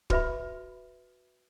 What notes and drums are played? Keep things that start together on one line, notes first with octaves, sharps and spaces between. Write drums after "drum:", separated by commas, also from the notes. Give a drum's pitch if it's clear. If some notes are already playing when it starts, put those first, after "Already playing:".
F#4 B4 E5 B5, drum: kick